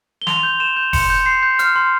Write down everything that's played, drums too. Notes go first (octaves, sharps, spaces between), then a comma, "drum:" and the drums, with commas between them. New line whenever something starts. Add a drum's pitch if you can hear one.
G7
C6 F7, drum: snare
G6
C6 E7
G6
C6 C#7, drum: kick F1, open hi-hat
G6
C6 C7
G6
F6, drum: hi-hat
C6